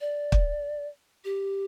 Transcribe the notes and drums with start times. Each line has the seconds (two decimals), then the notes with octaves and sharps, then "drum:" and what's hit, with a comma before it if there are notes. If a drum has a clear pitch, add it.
0.01 D5
0.32 drum: kick
1.25 G4